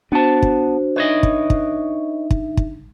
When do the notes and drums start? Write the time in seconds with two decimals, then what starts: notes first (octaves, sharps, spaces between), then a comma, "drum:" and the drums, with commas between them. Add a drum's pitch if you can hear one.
0.12 B3 D4 F#4 C5 A5
0.42 drum: kick
0.96 D#4 B4 C#5 D#5 E5
1.23 drum: kick
1.50 drum: kick
2.30 drum: kick
2.57 drum: kick